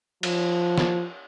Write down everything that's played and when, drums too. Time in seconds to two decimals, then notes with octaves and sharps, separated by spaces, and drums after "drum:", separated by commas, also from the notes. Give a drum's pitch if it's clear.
0.23 F3, drum: cymbal
0.78 drum: snare